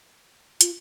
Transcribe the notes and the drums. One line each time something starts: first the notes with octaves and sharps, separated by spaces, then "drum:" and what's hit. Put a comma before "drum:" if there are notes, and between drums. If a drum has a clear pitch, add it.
F4, drum: hi-hat